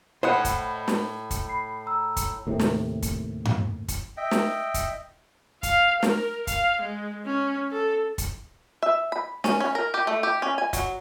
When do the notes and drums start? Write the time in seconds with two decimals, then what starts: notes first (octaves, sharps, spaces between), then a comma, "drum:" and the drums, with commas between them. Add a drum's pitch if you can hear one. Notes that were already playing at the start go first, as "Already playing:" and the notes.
0.23 A2 C5 D#5 F#5 B5
0.45 drum: kick, hi-hat
0.88 drum: snare
1.31 drum: kick, hi-hat
1.47 B5 C7
1.86 A#5 E6
2.17 drum: kick, hi-hat
2.47 D#2 A2 C3
2.59 drum: snare
3.02 drum: kick, hi-hat
3.45 drum: tom G2
3.88 drum: kick, hi-hat
4.17 D#5 E5 G5
4.31 drum: snare
4.74 drum: kick, hi-hat
5.63 F5, drum: kick, hi-hat
6.03 A#4, drum: snare
6.47 F5, drum: kick, hi-hat
6.81 G#3
7.26 C#4
7.71 A4
8.18 drum: kick, hi-hat
8.83 E5
9.12 B5
9.44 C#4, drum: snare
9.60 C#4
9.75 A#4
9.94 G4
10.07 A3
10.23 G4
10.42 C#4
10.58 G#5
10.73 F#3, drum: kick, hi-hat